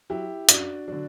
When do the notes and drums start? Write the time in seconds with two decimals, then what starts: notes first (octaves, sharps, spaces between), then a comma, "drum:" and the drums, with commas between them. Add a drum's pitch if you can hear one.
0.10 F#3 E4 G4
0.49 F#2 D4 F#4, drum: hi-hat
0.88 D3 F#3 D4 F#4